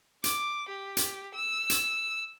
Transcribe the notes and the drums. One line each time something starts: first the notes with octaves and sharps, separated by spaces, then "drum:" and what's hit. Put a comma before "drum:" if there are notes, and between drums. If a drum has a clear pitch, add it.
D6, drum: hi-hat
G4
drum: hi-hat
E6
drum: hi-hat